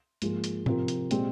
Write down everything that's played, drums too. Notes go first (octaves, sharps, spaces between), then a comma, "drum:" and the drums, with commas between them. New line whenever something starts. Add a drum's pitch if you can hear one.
G#2 F3 A#3 F4 G#4, drum: hi-hat
drum: hi-hat
C3 F3 C4 F4 A#4, drum: tom A2
drum: hi-hat
A#2 G#3 C4 G4, drum: hi-hat